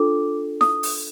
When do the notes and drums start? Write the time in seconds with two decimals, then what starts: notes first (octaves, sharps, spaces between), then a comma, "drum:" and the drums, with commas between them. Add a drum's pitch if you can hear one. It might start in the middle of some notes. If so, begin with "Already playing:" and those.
Already playing: D4 F4 A4 D6
0.61 D#6, drum: snare E4
0.83 drum: open hi-hat